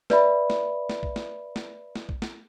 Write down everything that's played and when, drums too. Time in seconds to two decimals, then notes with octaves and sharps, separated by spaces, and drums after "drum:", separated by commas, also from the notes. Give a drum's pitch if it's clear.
0.10 B4 D5 E5 B5, drum: snare
0.50 drum: snare
0.89 drum: snare
1.03 drum: kick A#1
1.16 drum: snare
1.56 drum: snare
1.96 drum: snare
2.09 drum: kick A#1
2.22 drum: snare